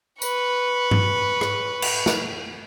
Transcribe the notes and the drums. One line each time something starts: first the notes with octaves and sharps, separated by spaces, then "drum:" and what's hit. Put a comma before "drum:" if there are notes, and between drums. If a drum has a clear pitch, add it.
B4 C#6, drum: tambourine
drum: tom G2
drum: rim click
drum: cymbal
drum: snare